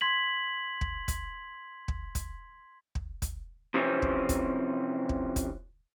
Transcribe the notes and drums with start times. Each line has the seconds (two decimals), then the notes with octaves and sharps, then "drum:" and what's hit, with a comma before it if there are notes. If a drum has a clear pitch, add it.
0.01 C6 G#6 B6 F#7
0.81 drum: kick
1.08 drum: kick, hi-hat
1.88 drum: kick
2.15 drum: kick, hi-hat
2.95 drum: kick
3.22 drum: kick, hi-hat
3.74 C3 E3 F3 C4 C#4
4.02 drum: kick
4.29 drum: kick, hi-hat
5.09 drum: kick
5.36 drum: kick, hi-hat